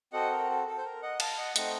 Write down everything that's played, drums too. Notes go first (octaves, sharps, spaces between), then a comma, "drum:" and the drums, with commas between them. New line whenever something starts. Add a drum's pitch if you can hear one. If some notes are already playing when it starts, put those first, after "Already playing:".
C4 F#4 A4 D#5 F#5
A#4
A4
A4
C5
A#4
D#5 F#5
F5 A5, drum: cymbal
D#5 F#5
A3 C4 D#4 D#5 F#5, drum: hi-hat